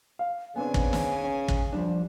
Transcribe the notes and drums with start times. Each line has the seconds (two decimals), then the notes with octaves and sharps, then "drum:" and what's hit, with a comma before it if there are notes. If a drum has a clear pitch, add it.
0.19 F5
0.56 C#3 B3 C4 D4 G#5
0.74 drum: kick
0.93 drum: snare
1.24 C#4
1.48 drum: kick
1.73 F3 G3 D4